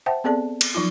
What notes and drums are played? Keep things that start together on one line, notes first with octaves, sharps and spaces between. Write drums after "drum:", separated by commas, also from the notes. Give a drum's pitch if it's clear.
C5 E5 F#5 G5 A5
B3 C4 G#4 A4 D5 A5
drum: cymbal
F3 F#3 D#4 F4